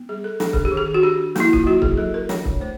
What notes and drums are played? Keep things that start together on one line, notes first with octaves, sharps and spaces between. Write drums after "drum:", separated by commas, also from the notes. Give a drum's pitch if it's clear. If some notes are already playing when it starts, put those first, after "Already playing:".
Already playing: B3
G3 G#4
A4
D4 A4, drum: snare
G#4, drum: kick
G4
D#3
G#4
F#4
D4 G4
A#3 E4, drum: snare
F4, drum: kick
F#3 F#4
G#4, drum: kick
F#3 A4
A#4
D4 C#5, drum: snare
drum: kick
A3 C5